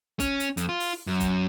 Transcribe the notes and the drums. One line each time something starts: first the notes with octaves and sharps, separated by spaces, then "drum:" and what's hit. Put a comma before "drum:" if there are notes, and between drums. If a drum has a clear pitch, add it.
C#4, drum: kick, hi-hat
drum: hi-hat
F2, drum: hi-hat
F4
drum: open hi-hat
F#2
drum: kick, hi-hat